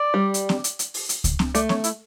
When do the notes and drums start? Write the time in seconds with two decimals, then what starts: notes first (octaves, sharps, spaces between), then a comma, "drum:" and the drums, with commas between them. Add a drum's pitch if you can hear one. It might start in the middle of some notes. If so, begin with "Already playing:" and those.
Already playing: D5
0.14 G3
0.34 drum: hi-hat
0.49 drum: snare
0.64 drum: hi-hat
0.79 drum: hi-hat
0.94 drum: open hi-hat
1.09 drum: hi-hat
1.24 drum: kick C#2, hi-hat
1.39 drum: snare
1.55 A3 D5, drum: hi-hat
1.69 C#5, drum: snare
1.84 E4, drum: hi-hat